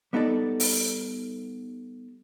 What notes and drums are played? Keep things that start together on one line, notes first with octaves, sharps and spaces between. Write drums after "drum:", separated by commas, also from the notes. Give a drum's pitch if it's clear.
G3 B3 D#4 A4 D5
drum: open hi-hat